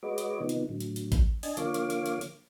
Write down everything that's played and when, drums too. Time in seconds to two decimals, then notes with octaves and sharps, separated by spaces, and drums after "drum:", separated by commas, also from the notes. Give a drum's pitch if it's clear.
0.03 G#3 F#4 B4 C#5 D#5 D6
0.18 drum: hi-hat
0.40 C3 D#3 F3 B3 D#4
0.49 drum: hi-hat
0.69 A2 D3 F#3
0.80 drum: hi-hat
0.96 drum: hi-hat
1.12 drum: kick A1, hi-hat
1.43 D4 D#5 G#5 A5, drum: open hi-hat
1.57 D3 F3 A#3 C#5 F5 D6, drum: hi-hat
1.74 drum: hi-hat
1.90 drum: hi-hat
2.06 drum: hi-hat
2.21 drum: hi-hat